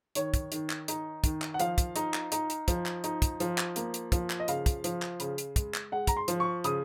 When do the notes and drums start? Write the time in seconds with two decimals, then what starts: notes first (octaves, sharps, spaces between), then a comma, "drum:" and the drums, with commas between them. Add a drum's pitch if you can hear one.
0.15 D#3 C#5, drum: hi-hat
0.34 drum: kick, hi-hat
0.52 D#3, drum: hi-hat
0.70 drum: clap
0.88 D#4, drum: hi-hat
1.24 D#3, drum: kick, hi-hat
1.42 drum: clap
1.54 F#5
1.59 F3 F5, drum: hi-hat
1.78 drum: kick, hi-hat
1.96 D#4, drum: hi-hat
2.14 drum: clap
2.32 D#4, drum: hi-hat
2.50 drum: hi-hat
2.68 F3, drum: kick, hi-hat
2.86 drum: clap
3.04 D#4, drum: hi-hat
3.22 drum: kick, hi-hat
3.40 F3, drum: hi-hat
3.58 drum: clap
3.76 A#3, drum: hi-hat
3.94 drum: hi-hat
4.12 F3, drum: kick, hi-hat
4.30 drum: clap
4.40 D#5
4.48 C#3 F5, drum: hi-hat
4.66 drum: kick, hi-hat
4.84 F3, drum: hi-hat
5.02 drum: clap
5.20 C#3, drum: hi-hat
5.38 drum: hi-hat
5.56 G#3, drum: kick, hi-hat
5.74 drum: clap
5.92 G#3 F#5
6.07 A#5, drum: kick, hi-hat
6.17 C6
6.28 F3, drum: hi-hat
6.40 C#6
6.64 C#3 D#6, drum: hi-hat